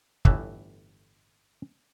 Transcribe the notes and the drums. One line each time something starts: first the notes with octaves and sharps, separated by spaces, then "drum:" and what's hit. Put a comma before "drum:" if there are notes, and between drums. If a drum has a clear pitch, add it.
G1 A2 E3 E5, drum: kick